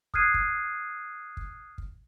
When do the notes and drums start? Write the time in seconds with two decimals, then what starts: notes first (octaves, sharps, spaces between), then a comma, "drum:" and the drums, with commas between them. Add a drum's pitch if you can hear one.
0.14 D#6 F6 F#6 G#6 C7 D#7, drum: kick
0.34 drum: kick
1.37 drum: kick
1.78 drum: kick